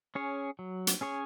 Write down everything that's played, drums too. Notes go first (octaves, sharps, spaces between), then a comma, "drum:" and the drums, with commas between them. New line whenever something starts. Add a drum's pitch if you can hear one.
C#4 G#4 C#5
F#3
drum: hi-hat
C#4 G#4 C#5